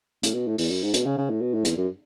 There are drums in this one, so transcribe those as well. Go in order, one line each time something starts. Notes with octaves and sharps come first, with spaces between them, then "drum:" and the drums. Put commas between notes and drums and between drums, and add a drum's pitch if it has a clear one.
A2, drum: hi-hat
B2
A2
E2, drum: open hi-hat
F#2
G#2
B2, drum: hi-hat
C#3
C#3
A2
B2
A2
E2, drum: hi-hat
F#2